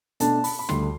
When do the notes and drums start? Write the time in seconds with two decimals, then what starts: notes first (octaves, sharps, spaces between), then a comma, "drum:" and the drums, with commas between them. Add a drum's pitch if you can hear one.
0.20 B2 A3 D4 A5, drum: hi-hat
0.44 B5, drum: open hi-hat
0.59 B5
0.69 D2 D3 G3 C6, drum: snare